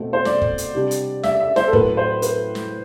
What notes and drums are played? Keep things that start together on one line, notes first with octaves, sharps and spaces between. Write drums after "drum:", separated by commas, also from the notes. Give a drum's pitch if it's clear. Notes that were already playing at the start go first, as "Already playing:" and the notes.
Already playing: B2 A3 C4
C5
D5, drum: snare
drum: kick
drum: hi-hat
C3 G3 D4
drum: hi-hat
E5, drum: snare
E5
C5, drum: snare
A4
A2 F#3 A3 B4, drum: kick
C5
B4, drum: hi-hat
drum: snare